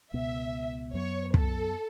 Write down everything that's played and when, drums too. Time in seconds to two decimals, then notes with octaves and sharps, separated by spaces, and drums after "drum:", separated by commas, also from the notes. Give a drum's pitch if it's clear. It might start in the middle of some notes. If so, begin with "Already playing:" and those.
0.12 C#2 B2 B3 E5
0.93 F#2 F#3 B3 C#5
1.34 A4, drum: kick